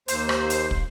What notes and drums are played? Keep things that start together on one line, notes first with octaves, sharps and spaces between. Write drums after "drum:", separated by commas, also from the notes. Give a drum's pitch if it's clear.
D#2 C5, drum: hi-hat
drum: rim click
drum: hi-hat
drum: kick